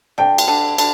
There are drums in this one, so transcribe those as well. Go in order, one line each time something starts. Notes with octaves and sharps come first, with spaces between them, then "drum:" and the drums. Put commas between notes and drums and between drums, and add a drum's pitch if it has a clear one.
D3 G5
drum: cymbal
D3
D3, drum: cymbal